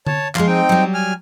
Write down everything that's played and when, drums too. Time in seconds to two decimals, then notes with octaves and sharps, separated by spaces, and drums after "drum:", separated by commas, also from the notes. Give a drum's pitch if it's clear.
0.07 C#5 A5, drum: tom D3
0.35 F3 G#3 F5 C6, drum: clap
0.47 C4 D#4 G5
0.69 F#3 G3
0.94 G#5 F6